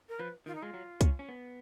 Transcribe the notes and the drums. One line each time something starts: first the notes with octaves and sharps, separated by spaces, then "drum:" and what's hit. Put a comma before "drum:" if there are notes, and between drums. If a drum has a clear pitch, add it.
A#4
F3 B4
D#3 F4
D#4
G#3 F4
F#3
C#4, drum: kick C2, hi-hat
C#4
B3